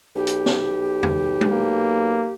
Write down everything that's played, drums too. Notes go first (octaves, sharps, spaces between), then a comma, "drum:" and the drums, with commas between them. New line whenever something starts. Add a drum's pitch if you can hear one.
B1 G4
drum: hi-hat
drum: snare
drum: tom E2
drum: tom G#3
A#3